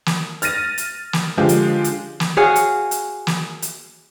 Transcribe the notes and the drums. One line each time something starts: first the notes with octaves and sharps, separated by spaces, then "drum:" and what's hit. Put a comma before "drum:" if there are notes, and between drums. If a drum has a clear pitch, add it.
drum: snare
F6 A6 A#6 D#7, drum: hi-hat
drum: hi-hat
drum: snare
D3 F3 G#3 F4 G4
drum: hi-hat
drum: hi-hat
drum: snare
F#4 G#4 C#5 F5
drum: hi-hat
drum: hi-hat
drum: snare
drum: hi-hat